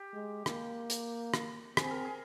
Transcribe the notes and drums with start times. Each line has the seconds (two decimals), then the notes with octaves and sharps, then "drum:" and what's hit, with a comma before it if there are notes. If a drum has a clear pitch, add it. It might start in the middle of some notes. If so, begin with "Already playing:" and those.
Already playing: G4
0.13 G#3
0.46 A#3, drum: rim click
0.90 drum: hi-hat
1.34 drum: rim click
1.77 C4 G#4, drum: rim click
1.91 A#4
2.05 G#4